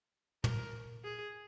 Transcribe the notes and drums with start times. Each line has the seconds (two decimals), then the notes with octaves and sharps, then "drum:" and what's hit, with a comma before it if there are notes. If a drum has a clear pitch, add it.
0.44 A#4, drum: tom
1.04 G#4